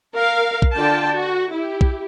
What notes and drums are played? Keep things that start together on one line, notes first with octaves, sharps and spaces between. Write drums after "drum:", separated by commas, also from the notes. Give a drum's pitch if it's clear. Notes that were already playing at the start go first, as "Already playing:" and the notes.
A#4 F5
drum: kick B1
D3 F4 D5 G5 A5
F#4
E4 G4
drum: kick B1